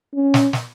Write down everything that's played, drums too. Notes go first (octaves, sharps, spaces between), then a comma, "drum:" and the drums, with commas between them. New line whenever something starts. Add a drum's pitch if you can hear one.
C#4
drum: snare
drum: snare